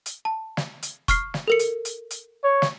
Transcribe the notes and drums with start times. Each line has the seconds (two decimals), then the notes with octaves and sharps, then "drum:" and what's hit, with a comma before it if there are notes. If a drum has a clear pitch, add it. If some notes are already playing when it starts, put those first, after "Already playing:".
0.06 drum: hi-hat
0.25 A5
0.57 drum: snare
0.83 drum: hi-hat
1.08 C#6 F6 C7, drum: kick, hi-hat
1.34 drum: snare
1.48 A4 A#4 C#7
1.59 drum: hi-hat
1.85 drum: hi-hat
2.11 drum: hi-hat
2.44 C#5
2.62 drum: snare